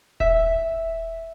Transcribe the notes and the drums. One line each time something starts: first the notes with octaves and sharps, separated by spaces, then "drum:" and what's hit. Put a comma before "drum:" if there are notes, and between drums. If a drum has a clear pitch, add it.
E5, drum: kick D#1